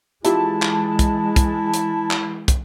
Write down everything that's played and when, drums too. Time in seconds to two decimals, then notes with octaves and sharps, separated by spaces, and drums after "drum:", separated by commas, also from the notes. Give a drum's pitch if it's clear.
0.25 E3 G#3 E4 F4 G4 E5 A5, drum: hi-hat
0.62 drum: clap
0.99 drum: kick, hi-hat
1.36 drum: kick, hi-hat
1.74 drum: hi-hat
2.11 drum: clap
2.48 drum: kick, hi-hat